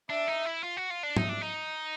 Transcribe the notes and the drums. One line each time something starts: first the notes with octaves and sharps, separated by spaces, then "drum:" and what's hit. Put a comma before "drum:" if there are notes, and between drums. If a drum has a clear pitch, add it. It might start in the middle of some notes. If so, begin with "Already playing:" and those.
D4 E5
D#4
E4
F4
F#4
F4
D4
D#4 E5, drum: tom
D4
D#4